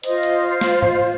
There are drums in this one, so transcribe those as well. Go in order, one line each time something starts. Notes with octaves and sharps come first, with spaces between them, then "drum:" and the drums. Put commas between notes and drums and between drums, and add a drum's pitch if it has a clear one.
F4 C5 D#5, drum: hi-hat
drum: hi-hat
F5
drum: snare
drum: tom G#2